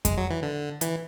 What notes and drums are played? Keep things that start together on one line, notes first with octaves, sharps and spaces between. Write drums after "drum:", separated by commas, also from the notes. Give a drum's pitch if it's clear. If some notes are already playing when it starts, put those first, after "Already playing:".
G#3, drum: kick F2, hi-hat
F#3
E3
D3
E3, drum: hi-hat